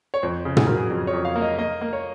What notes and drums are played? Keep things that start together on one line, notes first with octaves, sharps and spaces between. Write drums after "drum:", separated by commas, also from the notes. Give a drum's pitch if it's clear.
C#5
F2 C5
C#3
G#4, drum: tom
F#3 A#4
G#4
F2
C#5
F2
F5
A#3
D#5
A#3 D#5
A#3
C#5